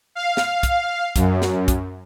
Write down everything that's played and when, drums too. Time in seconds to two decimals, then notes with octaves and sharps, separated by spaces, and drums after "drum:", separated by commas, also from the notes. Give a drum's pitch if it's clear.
0.15 F5
0.37 drum: snare
0.63 drum: kick, hi-hat
1.16 F#2, drum: kick, hi-hat
1.42 drum: snare
1.68 drum: kick, hi-hat